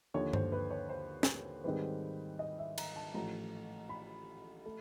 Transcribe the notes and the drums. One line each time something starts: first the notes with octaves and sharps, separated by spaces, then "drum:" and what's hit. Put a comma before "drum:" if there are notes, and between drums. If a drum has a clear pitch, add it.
D#2 D3 F3 C#5
C5, drum: tom G2
B4
C#5
C5
drum: snare
G#2 D#3 G3 C4 B4
D#5
E5
A#5, drum: cymbal
A5
A1 A2 F3 A#5
B5
A3